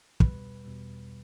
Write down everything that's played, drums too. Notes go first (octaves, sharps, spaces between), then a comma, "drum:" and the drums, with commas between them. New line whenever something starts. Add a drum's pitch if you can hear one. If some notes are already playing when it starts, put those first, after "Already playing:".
E2 B2 G3 B4, drum: kick
E2 B2 G3